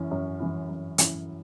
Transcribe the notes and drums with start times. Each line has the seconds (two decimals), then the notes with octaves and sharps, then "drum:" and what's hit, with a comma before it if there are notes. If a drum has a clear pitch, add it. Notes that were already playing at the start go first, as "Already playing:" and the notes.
Already playing: F#2 E3 C#4 E4
0.11 F#2
0.40 E3 C#4 E4
0.69 F#2
0.98 E3 C#4 E4, drum: hi-hat